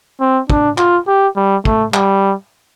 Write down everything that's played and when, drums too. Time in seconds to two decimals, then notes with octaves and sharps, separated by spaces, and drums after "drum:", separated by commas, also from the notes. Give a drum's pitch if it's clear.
0.20 C4
0.50 D4, drum: kick
0.78 F4, drum: clap
1.08 G4
1.36 G3
1.65 A3, drum: kick
1.94 G3, drum: clap